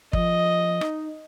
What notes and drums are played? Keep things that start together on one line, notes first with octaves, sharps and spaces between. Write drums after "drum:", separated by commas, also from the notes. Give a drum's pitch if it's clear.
F3 D#5, drum: kick
D#4, drum: rim click